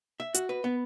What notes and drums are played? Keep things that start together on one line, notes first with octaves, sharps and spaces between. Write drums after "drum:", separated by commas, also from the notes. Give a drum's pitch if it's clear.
E5
F#4, drum: hi-hat
B4
B3